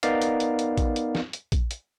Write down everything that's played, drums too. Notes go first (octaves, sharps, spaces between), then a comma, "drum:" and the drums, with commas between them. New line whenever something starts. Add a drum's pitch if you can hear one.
B3 D#4 A#4 D5 F5, drum: hi-hat
drum: hi-hat
drum: hi-hat
drum: hi-hat
drum: kick A#1, hi-hat
drum: hi-hat
drum: snare
drum: hi-hat
drum: kick A#1, hi-hat
drum: hi-hat